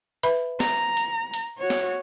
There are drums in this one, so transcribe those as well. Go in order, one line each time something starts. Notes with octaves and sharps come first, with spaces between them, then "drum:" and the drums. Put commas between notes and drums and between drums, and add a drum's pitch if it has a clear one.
B4 E5 B5, drum: hi-hat
A#5, drum: snare
drum: hi-hat
drum: hi-hat
F#4 C#5
drum: snare